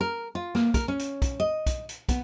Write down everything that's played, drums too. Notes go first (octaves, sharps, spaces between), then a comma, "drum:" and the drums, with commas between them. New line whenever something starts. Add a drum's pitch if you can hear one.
A#4
F4
A#3, drum: snare
A#4, drum: kick, hi-hat
C#4
drum: hi-hat
drum: kick, hi-hat
D#5
drum: kick, hi-hat
drum: hi-hat
B3, drum: kick, hi-hat